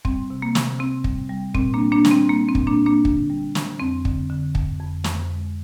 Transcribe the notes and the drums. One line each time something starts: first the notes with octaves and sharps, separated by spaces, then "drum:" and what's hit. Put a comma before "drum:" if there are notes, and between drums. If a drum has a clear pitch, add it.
G3 C4, drum: kick
C3
A#3
C3, drum: snare
C3 C4
G3, drum: kick
G3
A#2 C4, drum: kick
A#3 D4
G3
A#3 D4
G3, drum: snare
C4
G3 A#3
C4
A#2, drum: kick
A#3 D4
A#2
A#3 D4
D3, drum: kick
G3
G3, drum: snare
F2 C4
D3, drum: kick
D3
F2, drum: kick
F2
F2, drum: snare
G#3